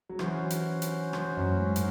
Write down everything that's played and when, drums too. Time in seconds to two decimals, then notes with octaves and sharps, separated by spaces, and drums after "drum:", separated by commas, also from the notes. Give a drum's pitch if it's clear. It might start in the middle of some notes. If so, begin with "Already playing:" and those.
0.09 F#3
0.19 E3 C#4 F#4 C5, drum: rim click
0.50 drum: hi-hat
0.82 drum: hi-hat
1.13 drum: rim click
1.37 F#2
1.51 A2
1.60 G#2
1.76 drum: hi-hat